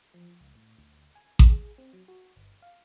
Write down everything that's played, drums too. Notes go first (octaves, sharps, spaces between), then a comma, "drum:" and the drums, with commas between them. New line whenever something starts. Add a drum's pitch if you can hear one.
F3
C#2
A2
D2
G#5
drum: kick A1
G#4
C4
F#3
F#4
G1
F5